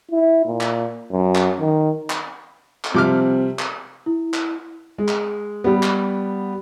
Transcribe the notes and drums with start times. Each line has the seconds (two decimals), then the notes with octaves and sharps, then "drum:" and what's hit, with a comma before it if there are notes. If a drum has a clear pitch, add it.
0.11 E4
0.46 A#2
0.61 drum: clap
1.12 F#2
1.35 drum: clap
1.60 D#3
2.10 drum: clap
2.85 drum: clap
2.94 C3 F3 G3 C4 D6 F6
3.59 drum: clap
4.06 E4
4.34 drum: clap
4.98 G#3
5.08 drum: clap
5.64 G3 B3
5.83 drum: clap